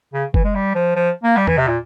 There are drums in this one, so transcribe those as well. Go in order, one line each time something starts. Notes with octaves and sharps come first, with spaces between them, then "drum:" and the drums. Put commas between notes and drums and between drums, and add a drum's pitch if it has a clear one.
C#3
E3, drum: kick F#1
G#3
G3
F3
F3
A#3
G3
E3, drum: tom E2
C3
A#2